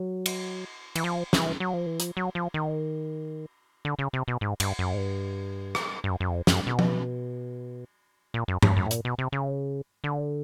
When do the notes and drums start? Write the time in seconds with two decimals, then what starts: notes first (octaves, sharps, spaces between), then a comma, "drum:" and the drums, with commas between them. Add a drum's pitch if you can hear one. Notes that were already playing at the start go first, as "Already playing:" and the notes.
Already playing: F#3
0.26 drum: cymbal
0.95 E3, drum: cymbal
1.04 F3
1.33 E3, drum: snare
1.60 F#3
1.74 F3
1.86 E3
2.00 F3, drum: hi-hat
2.17 F#3
2.35 F3
2.54 D#3
3.85 D3
3.99 C#3
4.13 C3
4.28 B2
4.41 G#2
4.60 G2, drum: cymbal
4.79 F#2
4.94 G#2
4.98 G2
5.75 drum: rim click
6.04 G2
6.10 F#2
6.20 F#2
6.29 F2
6.47 F#2, drum: snare
6.67 B2
6.79 drum: tom F3
8.34 A#2
8.48 F#2
8.62 G2, drum: tom G2
8.77 F#2
8.86 A2
8.91 A#2, drum: hi-hat
9.05 B2
9.18 C3
9.32 C#3
10.04 D3